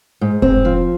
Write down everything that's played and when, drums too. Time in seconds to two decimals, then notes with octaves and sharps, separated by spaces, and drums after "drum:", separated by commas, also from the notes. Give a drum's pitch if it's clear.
0.21 G#2
0.42 C4, drum: kick F1
0.65 F3